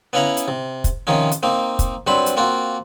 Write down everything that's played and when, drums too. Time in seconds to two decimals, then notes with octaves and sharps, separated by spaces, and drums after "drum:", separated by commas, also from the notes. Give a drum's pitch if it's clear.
0.13 B3 C#4 E4 F5 F#5 A#5
0.37 drum: hi-hat
0.48 C3
0.84 drum: kick, hi-hat
1.07 C3 D#3 F3 C#4 D#4
1.31 drum: hi-hat
1.43 A#3 C4 D#4
1.79 drum: kick, hi-hat
2.07 G2 F#3 C4 C5 B5
2.26 drum: hi-hat
2.37 A#3 C4 F4 F#4